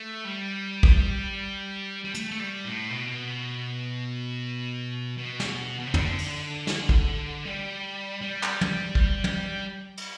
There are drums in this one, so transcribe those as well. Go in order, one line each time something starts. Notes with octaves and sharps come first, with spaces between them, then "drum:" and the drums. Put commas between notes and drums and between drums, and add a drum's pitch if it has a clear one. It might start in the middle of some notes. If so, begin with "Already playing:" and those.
Already playing: A3
G3
drum: kick
G3
A3, drum: hi-hat
A3
G3
A2
B2
B2
drum: snare
B2
C3
D3, drum: tom
drum: open hi-hat
drum: snare
drum: kick
G3
G3
drum: clap
drum: tom
drum: kick
drum: tom
drum: cymbal